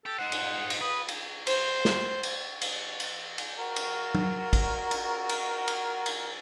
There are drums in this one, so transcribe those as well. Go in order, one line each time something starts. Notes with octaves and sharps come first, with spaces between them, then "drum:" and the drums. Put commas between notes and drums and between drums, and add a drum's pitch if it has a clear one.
G4 A4
D#4 C5 F#5
drum: cymbal
drum: cymbal
B4 D#6
drum: cymbal
C5, drum: cymbal
drum: snare
drum: cymbal
drum: cymbal
drum: cymbal
drum: cymbal
F#4 A#4
drum: cymbal
drum: tom F#3
drum: kick, cymbal
drum: cymbal
drum: cymbal
drum: cymbal
drum: cymbal